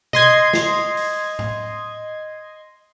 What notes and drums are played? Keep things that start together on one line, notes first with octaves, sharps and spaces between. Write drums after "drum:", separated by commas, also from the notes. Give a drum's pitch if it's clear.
D#5 C6 G#6, drum: tom B2
drum: snare
drum: open hi-hat
drum: tom A2